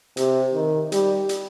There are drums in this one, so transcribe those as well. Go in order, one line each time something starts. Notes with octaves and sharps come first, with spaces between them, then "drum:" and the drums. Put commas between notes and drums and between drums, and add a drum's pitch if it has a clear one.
C3, drum: hi-hat
D#3
G3, drum: hi-hat
drum: hi-hat